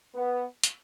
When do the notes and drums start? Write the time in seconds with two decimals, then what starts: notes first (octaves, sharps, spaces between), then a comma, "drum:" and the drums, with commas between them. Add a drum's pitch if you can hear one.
0.15 B3
0.64 drum: hi-hat